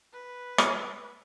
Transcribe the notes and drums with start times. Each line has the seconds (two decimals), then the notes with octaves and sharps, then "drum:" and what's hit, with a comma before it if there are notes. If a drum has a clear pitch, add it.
0.12 B4
0.58 drum: rim click